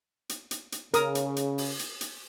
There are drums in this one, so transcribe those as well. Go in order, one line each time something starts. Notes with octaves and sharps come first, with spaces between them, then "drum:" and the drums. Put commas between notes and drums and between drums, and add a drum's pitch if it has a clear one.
drum: hi-hat
drum: hi-hat
drum: hi-hat
C#3 A#4 D#6, drum: hi-hat
drum: hi-hat
drum: hi-hat
drum: open hi-hat
drum: hi-hat
drum: hi-hat